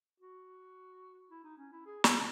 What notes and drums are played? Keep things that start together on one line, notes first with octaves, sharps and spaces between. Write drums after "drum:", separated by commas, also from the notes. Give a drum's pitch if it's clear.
F#4
E4
D#4
C#4
E4
G#4
G#4, drum: snare